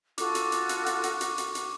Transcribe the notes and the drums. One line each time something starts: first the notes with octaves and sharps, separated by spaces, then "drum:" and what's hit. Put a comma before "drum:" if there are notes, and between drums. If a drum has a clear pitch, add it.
F4 F#4 A4 C#6 D6, drum: hi-hat
drum: hi-hat
drum: hi-hat
drum: hi-hat
drum: hi-hat
drum: hi-hat
drum: hi-hat
drum: hi-hat
drum: hi-hat